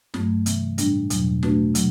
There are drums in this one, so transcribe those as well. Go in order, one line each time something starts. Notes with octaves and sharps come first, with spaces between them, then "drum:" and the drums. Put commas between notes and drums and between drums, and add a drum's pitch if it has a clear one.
G2 F#3 A3, drum: snare
C3 E3 B3, drum: hi-hat
A2 G3 B3 D4, drum: hi-hat
E2 B2 F#3, drum: hi-hat
B2 A3 D4 F#4 B4, drum: snare
C3 F#3, drum: hi-hat